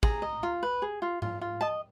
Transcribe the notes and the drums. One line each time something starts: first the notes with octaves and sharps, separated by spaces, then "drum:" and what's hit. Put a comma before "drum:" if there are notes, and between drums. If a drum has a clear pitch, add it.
G#4 A#5, drum: kick
D#5
F4
B4
G#4
F4
F4, drum: tom G#2
F4
D#5 A5